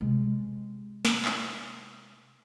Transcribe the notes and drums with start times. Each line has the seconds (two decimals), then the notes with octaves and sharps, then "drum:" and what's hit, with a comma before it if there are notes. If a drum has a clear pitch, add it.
0.01 C3 G#3
1.05 drum: snare
1.25 drum: clap